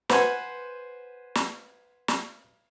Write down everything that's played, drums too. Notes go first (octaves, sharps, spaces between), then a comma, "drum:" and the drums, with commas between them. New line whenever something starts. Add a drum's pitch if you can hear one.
B4 C5 F#5 G#5, drum: snare
drum: snare
drum: snare